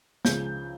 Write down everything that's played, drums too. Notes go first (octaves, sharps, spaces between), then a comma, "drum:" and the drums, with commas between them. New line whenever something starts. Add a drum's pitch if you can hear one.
C#2 C#3 F3 G6, drum: snare